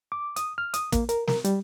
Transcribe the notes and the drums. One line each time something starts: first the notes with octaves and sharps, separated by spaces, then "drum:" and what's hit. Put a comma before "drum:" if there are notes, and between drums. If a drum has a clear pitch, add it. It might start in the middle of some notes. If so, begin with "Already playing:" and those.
D6
D#6, drum: hi-hat
F6
D#6, drum: hi-hat
A#3, drum: kick, hi-hat
A#4, drum: hi-hat
A#4, drum: snare
G3, drum: hi-hat